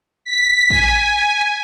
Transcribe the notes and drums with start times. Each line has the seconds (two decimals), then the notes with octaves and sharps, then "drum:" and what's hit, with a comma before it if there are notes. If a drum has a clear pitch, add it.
0.25 B6
0.70 G#5, drum: kick